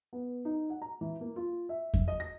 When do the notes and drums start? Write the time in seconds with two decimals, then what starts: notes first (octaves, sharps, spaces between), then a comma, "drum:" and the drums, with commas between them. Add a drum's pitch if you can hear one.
0.13 B3
0.45 D#4
0.70 F#5
0.82 A#5
1.01 E3
1.21 A#3
1.36 F4
1.69 E5
1.94 drum: kick F2
2.08 D#5
2.20 A#6